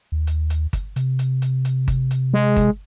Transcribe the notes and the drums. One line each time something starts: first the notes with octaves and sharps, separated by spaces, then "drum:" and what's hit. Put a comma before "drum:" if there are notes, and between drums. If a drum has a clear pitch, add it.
D#2
drum: hi-hat
drum: hi-hat
drum: kick G1, hi-hat
C3, drum: hi-hat
drum: hi-hat
drum: hi-hat
drum: hi-hat
drum: kick G1, hi-hat
drum: hi-hat
G#3
drum: kick G1, hi-hat